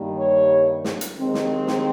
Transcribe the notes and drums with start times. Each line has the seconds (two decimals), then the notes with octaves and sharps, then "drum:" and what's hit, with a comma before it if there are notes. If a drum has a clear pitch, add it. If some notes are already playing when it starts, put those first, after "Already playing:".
Already playing: G2 D#3 G3 A#3
0.18 C#5
0.84 drum: snare
1.01 drum: hi-hat
1.17 D#2 D#3 G#3 C4
1.34 drum: snare
1.67 drum: snare